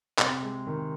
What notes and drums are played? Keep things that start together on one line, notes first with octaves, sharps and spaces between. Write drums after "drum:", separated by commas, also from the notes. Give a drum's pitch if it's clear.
C3, drum: clap
G#3
D#3